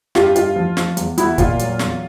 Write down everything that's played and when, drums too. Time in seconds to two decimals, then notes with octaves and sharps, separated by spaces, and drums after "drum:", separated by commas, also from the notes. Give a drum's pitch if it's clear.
0.15 G2 F4 G4, drum: snare
0.36 G2 F4, drum: hi-hat
0.56 F3
0.77 F3, drum: snare
0.97 E2, drum: hi-hat
1.18 E2 E4 F#4, drum: hi-hat
1.38 A#2 F4, drum: kick, hi-hat
1.59 F#3, drum: hi-hat
1.79 E2, drum: snare